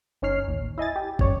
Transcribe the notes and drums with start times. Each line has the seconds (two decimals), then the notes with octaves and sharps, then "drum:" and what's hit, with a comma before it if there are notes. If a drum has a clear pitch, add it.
0.22 G1 C#4 D#4 C#5 F6 C7
0.48 A1 D#2
0.78 E4 D#5 G#5 A6
0.96 G4
1.19 F#2 C#5 D5, drum: kick